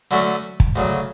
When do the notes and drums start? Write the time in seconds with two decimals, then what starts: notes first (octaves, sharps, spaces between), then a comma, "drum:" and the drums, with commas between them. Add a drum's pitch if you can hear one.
0.11 D3 F#3 A3 C#4 F#4
0.60 drum: kick
0.76 D2 C#3 F#3